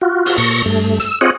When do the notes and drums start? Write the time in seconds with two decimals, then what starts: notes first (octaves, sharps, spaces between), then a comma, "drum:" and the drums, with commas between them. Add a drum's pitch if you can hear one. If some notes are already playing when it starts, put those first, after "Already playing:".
0.01 F4 F#4
0.26 drum: open hi-hat
0.38 A#2 C#6 A#6
0.66 G2 A3
1.00 E6, drum: hi-hat
1.21 C4 F4 G#4 C#5 D#5 F#5